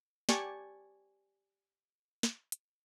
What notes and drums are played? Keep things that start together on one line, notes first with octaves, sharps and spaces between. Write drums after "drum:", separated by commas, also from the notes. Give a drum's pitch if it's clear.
G4 D5 G#5 A5 C#6, drum: snare
drum: snare
drum: hi-hat